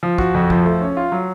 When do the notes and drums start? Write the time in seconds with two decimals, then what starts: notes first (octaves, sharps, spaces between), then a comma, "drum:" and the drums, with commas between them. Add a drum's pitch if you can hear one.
0.03 F3
0.18 F#4, drum: kick
0.34 F2
0.50 F3, drum: kick
0.65 A3
0.81 C#4
0.97 F4
1.12 F#3